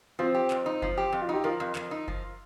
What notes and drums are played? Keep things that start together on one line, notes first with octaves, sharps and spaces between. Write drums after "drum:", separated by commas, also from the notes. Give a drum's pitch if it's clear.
F3 C4 F4
G4
F2, drum: clap
D#4
F3, drum: kick F#1
G4
F2
F4
D#4 G4
F3 F4 A#4
F2
F2, drum: clap
D#4
F3, drum: kick F#1